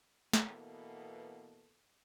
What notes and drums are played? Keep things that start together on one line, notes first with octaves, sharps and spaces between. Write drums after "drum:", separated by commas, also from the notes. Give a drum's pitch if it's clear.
B2 E3 A#3 B3 A4, drum: snare